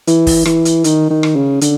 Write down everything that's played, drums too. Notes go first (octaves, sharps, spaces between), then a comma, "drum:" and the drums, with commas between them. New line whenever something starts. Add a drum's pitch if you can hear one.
E3, drum: hi-hat
drum: kick, open hi-hat
E3, drum: rim click
drum: hi-hat
D#3, drum: hi-hat
D#3
drum: rim click
C#3
D3, drum: hi-hat